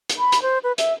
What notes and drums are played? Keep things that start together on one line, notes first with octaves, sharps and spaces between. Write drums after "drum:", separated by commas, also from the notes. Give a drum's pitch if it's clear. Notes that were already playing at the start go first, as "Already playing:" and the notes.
drum: hi-hat
B5
drum: hi-hat
C5
B4
E5, drum: hi-hat